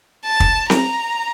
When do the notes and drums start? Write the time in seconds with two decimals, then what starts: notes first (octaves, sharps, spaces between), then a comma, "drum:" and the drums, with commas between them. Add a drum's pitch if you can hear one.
0.26 A5
0.40 drum: kick
0.70 A#5, drum: snare C4